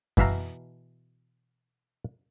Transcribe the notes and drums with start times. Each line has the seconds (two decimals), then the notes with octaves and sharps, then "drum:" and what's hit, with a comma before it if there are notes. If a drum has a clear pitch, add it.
0.17 B2 E3 E5 F5 A#5, drum: kick F#2